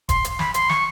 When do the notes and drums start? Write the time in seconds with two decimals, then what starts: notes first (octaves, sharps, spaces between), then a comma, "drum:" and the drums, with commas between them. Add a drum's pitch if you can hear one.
0.09 C6, drum: kick E1, hi-hat
0.24 drum: hi-hat
0.39 B5, drum: snare
0.54 C6, drum: hi-hat
0.69 C#6, drum: snare